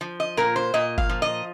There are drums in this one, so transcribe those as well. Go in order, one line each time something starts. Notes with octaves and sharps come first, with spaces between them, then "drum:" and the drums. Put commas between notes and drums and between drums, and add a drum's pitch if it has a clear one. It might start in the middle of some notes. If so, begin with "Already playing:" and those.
F3
D#5
A#2 A#4
C5
A#2 D#5
F5, drum: kick G1
F3
D#5